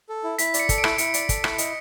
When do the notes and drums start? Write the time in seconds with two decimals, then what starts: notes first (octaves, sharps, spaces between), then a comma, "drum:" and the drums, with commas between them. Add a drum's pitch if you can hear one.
0.09 A4
0.24 E4
0.38 E4 B6, drum: hi-hat
0.54 D5, drum: hi-hat
0.60 C#7
0.69 A4, drum: kick, hi-hat
0.78 D7
0.84 E4, drum: rim click
0.98 E4 C#7, drum: hi-hat
1.14 D5, drum: hi-hat
1.29 A4, drum: kick, hi-hat
1.44 E4, drum: rim click
1.58 D#5, drum: hi-hat